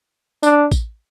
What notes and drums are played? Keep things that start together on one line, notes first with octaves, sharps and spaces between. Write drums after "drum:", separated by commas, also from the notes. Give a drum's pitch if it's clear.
D4, drum: tambourine
drum: kick A1, tambourine